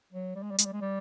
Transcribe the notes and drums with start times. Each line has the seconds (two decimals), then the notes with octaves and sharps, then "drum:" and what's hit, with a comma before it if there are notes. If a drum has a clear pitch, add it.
0.13 F#3
0.36 G3
0.43 G#3
0.51 G3
0.58 G#3, drum: hi-hat
0.66 G3
0.73 G#3
0.82 G3